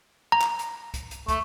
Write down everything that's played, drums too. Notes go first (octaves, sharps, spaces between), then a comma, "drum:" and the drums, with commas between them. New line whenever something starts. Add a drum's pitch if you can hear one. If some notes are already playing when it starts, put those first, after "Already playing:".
A#5
drum: clap
drum: hi-hat
drum: kick, hi-hat
drum: hi-hat
A3, drum: kick, hi-hat